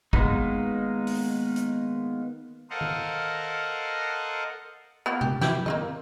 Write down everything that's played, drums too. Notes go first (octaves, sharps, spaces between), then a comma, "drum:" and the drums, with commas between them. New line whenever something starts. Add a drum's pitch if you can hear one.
D#3 G#3 A#3 B3 D#4, drum: kick
drum: open hi-hat
drum: hi-hat
A4 A#4 C5 D#5 F5 F#5
drum: tom D#3
F3 A#3 B3
G4, drum: tom C3
E4 G4, drum: snare
A#3 C4 D#5, drum: tom D#3